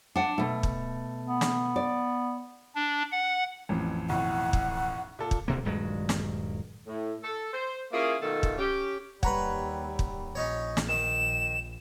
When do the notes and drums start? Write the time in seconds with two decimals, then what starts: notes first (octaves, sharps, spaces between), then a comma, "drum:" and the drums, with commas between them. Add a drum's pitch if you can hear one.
0.16 D4 F#5
0.38 B2 A3
0.63 drum: kick
1.27 B3
1.41 drum: snare
1.76 D5
2.75 D4
3.12 F#5
3.69 A1 F2
4.09 B1 A2 F#5
4.53 drum: kick
5.19 A#2 A4
5.31 drum: kick
5.48 D#1 D2 C3 A#3
5.65 D#1 G2 F#3 G#3
6.09 drum: snare
6.87 A2
7.23 A4
7.53 C5
7.93 A#3 C#4 E4 F4 G#4
8.22 B2 D#3 G#3 A3 F4 A4
8.43 drum: kick
8.58 C#4 G4
9.23 D#2 G3 B4 C#5 F#5 A#5 B5, drum: kick
9.99 drum: kick
10.35 A#1 C#4 D#4 C#5
10.77 drum: snare
10.89 D#3 E7